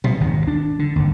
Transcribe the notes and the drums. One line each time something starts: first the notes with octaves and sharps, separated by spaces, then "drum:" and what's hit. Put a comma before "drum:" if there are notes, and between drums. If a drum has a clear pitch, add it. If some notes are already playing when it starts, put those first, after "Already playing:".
B2, drum: tom A#2
G#1 D#2 D#3
D4
D3
G1 D#2